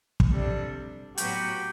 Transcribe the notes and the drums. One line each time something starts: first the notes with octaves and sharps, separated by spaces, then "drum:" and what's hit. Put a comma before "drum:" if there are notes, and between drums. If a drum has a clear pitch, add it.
drum: kick
C3 G3 D4 A4
A2 F#3 B3 F#4 G4, drum: hi-hat